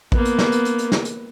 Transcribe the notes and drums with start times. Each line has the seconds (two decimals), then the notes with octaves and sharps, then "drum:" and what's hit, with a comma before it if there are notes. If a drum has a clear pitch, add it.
0.12 A#3 B3, drum: kick A1
0.25 drum: hi-hat
0.39 drum: snare
0.52 drum: hi-hat
0.65 drum: hi-hat
0.78 drum: hi-hat
0.92 drum: snare
1.05 drum: hi-hat